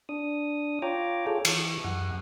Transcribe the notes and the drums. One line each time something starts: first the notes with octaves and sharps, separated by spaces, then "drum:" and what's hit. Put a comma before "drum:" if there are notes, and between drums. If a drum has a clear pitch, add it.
D4 D#6
F4 C#5 G5 A#5 D6
F4 G#4 A4 C#5
E3, drum: cymbal
F#2 F#5